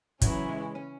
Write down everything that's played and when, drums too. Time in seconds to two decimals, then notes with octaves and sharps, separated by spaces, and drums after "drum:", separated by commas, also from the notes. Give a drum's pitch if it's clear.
0.21 C#3 E3 F#3 C#4 E4, drum: kick, hi-hat
0.49 G#3
0.75 C#4